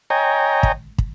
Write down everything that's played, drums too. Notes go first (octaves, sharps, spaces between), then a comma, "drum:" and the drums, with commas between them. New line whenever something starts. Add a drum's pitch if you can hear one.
C#5 D#5 G5 G#5 A#5
drum: kick
drum: kick